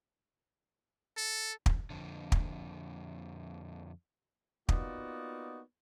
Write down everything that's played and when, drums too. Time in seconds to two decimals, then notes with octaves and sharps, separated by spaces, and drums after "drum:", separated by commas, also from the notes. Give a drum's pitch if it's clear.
1.17 A4
1.66 drum: kick
1.90 F2 D3
2.32 drum: kick
4.69 A#3 B3 D#4 F4 F#4 D5, drum: kick